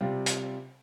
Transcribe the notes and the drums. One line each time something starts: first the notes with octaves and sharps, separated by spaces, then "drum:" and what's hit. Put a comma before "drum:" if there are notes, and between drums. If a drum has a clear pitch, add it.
C3 G3 C4 F4
drum: hi-hat